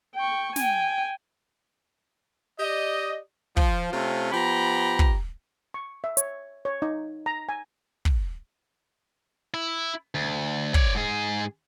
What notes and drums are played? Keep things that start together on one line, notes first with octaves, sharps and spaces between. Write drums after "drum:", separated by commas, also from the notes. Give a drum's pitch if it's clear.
G5 C#6
G5 G#5, drum: snare
G4 D5 D#5
F3, drum: kick
C3 A3 C4 C#4 F4
F3 B3 G4 A#5 B5
drum: kick
C#6
E5
C#5, drum: hi-hat
C#5
D#4
A#5
G#5
drum: kick
E4
D2
C#5 D5, drum: kick
G#2 G#4